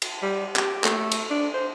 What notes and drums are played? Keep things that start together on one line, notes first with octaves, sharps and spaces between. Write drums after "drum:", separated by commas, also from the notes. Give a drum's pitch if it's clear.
drum: cymbal
G3
G4, drum: clap
A3, drum: clap
drum: cymbal
D4
C5